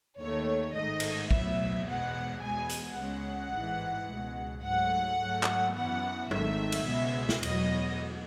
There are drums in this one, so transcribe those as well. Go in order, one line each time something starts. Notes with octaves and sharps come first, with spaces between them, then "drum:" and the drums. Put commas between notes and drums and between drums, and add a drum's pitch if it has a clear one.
D#2 D#3 A3 C#5
A1 G#2 D#3 A3 D#5
drum: cymbal
B1 A2 F#3 B3 E5, drum: kick
E2 B2 G#3 B3 F#5
E2 B2 G#3 B3 G#5
drum: hi-hat
C#2 C#3 G#3 F#5
A1 G#2 E3 G#3
C#2 B2 G#3
G#2 F#3 A3 F#5
G#2 F#3 A3
drum: clap
F#2 E3 B3 F#5
G#1 G#2 D#3 A3 E5, drum: tom F#3
drum: cymbal
C#2 B2 G#3 B3
drum: snare
E2 B2 F#3 B3 D#5, drum: cymbal